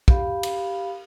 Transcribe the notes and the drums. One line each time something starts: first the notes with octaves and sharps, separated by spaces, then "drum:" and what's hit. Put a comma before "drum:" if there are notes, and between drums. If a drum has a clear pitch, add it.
G4 F5 B5, drum: kick
drum: cymbal